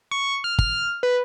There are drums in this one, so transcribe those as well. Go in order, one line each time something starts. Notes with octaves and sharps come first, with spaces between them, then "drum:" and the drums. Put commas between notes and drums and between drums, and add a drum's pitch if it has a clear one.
C#6
F6
F6, drum: kick
B4